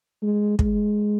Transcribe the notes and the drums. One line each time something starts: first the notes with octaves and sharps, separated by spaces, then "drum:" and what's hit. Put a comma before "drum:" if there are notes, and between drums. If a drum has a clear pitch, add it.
G#3
G#3, drum: kick